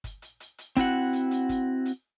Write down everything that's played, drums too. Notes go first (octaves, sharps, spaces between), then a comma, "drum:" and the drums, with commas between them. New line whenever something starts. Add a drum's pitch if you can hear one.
drum: kick G1, hi-hat
drum: hi-hat
drum: hi-hat
drum: hi-hat
C4 E4 F#4 F#5, drum: kick G1, hi-hat
drum: hi-hat
drum: hi-hat
drum: kick G1, hi-hat
drum: hi-hat